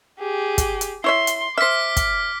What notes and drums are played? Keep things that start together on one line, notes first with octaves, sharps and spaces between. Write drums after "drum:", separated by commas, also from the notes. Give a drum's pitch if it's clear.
G4 G#4
drum: kick, hi-hat
drum: hi-hat
E4 C#5 E5 C6
drum: hi-hat
C5 E5 D6 F6 B6
drum: kick, hi-hat